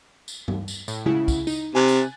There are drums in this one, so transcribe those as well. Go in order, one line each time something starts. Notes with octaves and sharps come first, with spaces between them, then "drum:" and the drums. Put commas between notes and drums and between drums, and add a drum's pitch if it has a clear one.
drum: tambourine
drum: tom G2
drum: tambourine
A2, drum: tambourine
C#3 E4 F#5, drum: tom G#3
drum: kick, tambourine
D#4, drum: tambourine
C3 G#5 F#6 A6
drum: tambourine